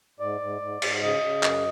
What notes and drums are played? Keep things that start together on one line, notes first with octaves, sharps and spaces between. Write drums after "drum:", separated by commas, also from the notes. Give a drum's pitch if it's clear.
G#2 D5
G#2
G#2
G#2, drum: cymbal
C#3 D#5
C#3
F#2, drum: clap